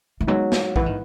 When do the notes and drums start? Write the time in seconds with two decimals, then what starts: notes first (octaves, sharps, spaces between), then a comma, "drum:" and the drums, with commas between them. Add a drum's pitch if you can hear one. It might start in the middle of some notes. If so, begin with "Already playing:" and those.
0.21 E3
0.27 F#3 G#3 B3 D#4
0.52 drum: snare
0.76 E3 E4 B4 F#5, drum: kick A#1
0.86 D#3